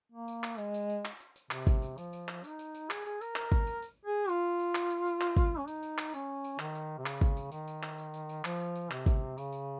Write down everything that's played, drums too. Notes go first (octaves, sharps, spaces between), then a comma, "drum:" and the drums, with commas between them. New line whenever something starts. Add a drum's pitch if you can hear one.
A#3
drum: tambourine
drum: clap
G#3, drum: tambourine
drum: tambourine
drum: tambourine
drum: clap
drum: tambourine
drum: tambourine
C3, drum: clap
drum: kick, tambourine
drum: tambourine
F3, drum: tambourine
drum: tambourine
drum: clap
D#4, drum: tambourine
drum: tambourine
drum: tambourine
G#4, drum: clap
G#4, drum: tambourine
A#4, drum: tambourine
A#4, drum: clap
drum: kick, tambourine
drum: tambourine
drum: tambourine
G#4
F4, drum: tambourine
drum: tambourine
drum: clap
drum: tambourine
drum: tambourine
drum: clap
drum: kick, tambourine
C#4
D#4, drum: tambourine
drum: tambourine
drum: clap
C#4, drum: tambourine
drum: tambourine
D#3, drum: clap
drum: tambourine
C3
C#3, drum: clap
drum: kick, tambourine
drum: tambourine
D#3, drum: tambourine
drum: tambourine
drum: clap
drum: tambourine
drum: tambourine
drum: tambourine
F3, drum: clap
drum: tambourine
drum: tambourine
C3, drum: clap
drum: kick, tambourine
C#3, drum: tambourine
drum: tambourine